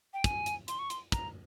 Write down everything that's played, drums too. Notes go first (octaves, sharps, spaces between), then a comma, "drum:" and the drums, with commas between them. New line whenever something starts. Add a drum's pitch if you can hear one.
G5
G#5, drum: kick, hi-hat
drum: hi-hat
C6, drum: hi-hat
C#6
C6, drum: hi-hat
A#5, drum: kick, hi-hat